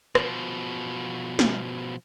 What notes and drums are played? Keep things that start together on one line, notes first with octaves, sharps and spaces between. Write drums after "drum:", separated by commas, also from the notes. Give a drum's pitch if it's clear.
B2 F3, drum: rim click
drum: snare